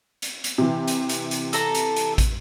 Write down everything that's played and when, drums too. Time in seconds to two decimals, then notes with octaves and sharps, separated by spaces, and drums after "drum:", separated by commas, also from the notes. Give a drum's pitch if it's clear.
0.22 drum: hi-hat
0.44 drum: hi-hat
0.58 C3 E3
0.88 drum: hi-hat
1.09 drum: hi-hat
1.31 drum: hi-hat
1.53 A4 A#5, drum: hi-hat
1.75 drum: hi-hat
1.96 drum: hi-hat
2.18 drum: kick, hi-hat